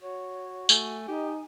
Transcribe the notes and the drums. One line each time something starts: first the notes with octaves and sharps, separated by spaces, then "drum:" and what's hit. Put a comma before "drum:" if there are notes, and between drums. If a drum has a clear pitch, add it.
F#4 C#5
A3 G#5, drum: tambourine
D#4 G4